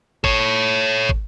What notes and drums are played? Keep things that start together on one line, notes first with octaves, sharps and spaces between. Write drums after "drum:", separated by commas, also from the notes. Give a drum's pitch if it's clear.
A4 C#5, drum: kick
drum: kick